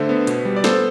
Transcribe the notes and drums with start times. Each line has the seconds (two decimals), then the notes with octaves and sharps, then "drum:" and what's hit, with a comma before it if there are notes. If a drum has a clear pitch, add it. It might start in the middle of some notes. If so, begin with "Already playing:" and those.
Already playing: D3 A3 C5 E5
0.09 B3
0.27 B2, drum: hi-hat
0.45 G3
0.56 D5
0.64 B3 A4 C5, drum: snare